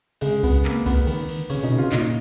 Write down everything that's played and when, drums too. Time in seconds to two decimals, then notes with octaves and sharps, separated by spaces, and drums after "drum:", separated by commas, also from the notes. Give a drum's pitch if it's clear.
0.21 C#3 G#3, drum: cymbal
0.43 B3, drum: kick C2, cymbal
0.65 A#3, drum: clap
0.86 B3, drum: kick C2, cymbal
1.07 D#3, drum: cymbal
1.29 drum: cymbal
1.50 C#3 C#4, drum: cymbal
1.63 B2 D#4
1.75 C#3 F4
1.92 A#2 D#4, drum: clap